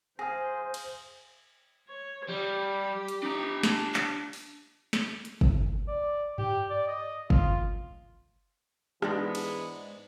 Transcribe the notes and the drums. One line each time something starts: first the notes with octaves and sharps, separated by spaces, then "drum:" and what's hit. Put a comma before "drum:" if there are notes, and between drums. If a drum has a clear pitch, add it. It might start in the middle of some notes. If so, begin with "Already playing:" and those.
G#4 C5 F5 G#5 D#6 A#6
drum: cymbal
C#5
G3 G4
drum: hi-hat
D4 A#5
drum: snare
drum: clap
drum: open hi-hat
drum: snare
drum: hi-hat
drum: kick
D5
G4, drum: tom G2
D5
D#5
F4, drum: kick
G#2 E3 G#3 B3 D4 G#4, drum: rim click
drum: cymbal